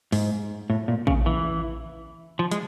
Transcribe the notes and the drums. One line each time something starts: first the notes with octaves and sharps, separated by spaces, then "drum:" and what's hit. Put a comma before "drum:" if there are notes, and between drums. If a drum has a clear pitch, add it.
G#2, drum: open hi-hat
A2
A#2
C#3, drum: kick A1
E3
F3
G#3, drum: hi-hat